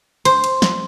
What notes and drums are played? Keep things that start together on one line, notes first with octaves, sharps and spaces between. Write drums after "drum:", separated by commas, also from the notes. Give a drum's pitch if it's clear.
C5, drum: cymbal
drum: cymbal
drum: snare